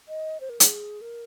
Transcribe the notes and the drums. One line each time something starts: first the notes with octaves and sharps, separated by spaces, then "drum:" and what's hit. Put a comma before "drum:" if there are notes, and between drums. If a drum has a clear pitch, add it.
D#5
C5
A#4
G#4, drum: hi-hat
A#4